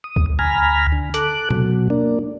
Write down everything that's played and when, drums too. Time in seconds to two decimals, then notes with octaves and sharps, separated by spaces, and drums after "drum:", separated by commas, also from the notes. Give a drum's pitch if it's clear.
0.04 D#6
0.16 drum: kick C#2
0.39 D2 G#5 A#5 B5 F6
0.92 D3
1.14 A4 D6 F#6, drum: hi-hat
1.50 B2 F#3, drum: tom C3
1.90 A#3 D4